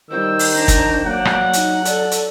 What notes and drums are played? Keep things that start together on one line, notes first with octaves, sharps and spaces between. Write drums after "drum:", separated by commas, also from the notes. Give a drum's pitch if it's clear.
D#3 G3 C5 E6
drum: open hi-hat
D4 A#5
drum: kick, hi-hat
F#3 A#3 D5 F#5
drum: rim click
D#4, drum: hi-hat
A4 D5, drum: hi-hat
drum: hi-hat